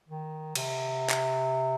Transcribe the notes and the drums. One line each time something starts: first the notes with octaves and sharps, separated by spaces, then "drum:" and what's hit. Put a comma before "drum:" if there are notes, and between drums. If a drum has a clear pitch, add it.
D#3
C3, drum: cymbal
drum: clap